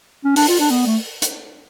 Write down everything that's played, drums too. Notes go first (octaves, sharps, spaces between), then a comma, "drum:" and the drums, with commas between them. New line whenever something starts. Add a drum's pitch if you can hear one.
C#4
D4, drum: open hi-hat
F4
D4
B3
A3
drum: hi-hat